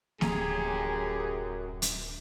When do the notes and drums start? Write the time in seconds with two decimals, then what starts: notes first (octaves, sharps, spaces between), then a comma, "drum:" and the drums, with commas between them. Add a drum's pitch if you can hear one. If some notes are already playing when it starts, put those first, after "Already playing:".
0.21 D1 F#2 A2 C#3 G4 G#4 A#5, drum: snare
1.82 drum: hi-hat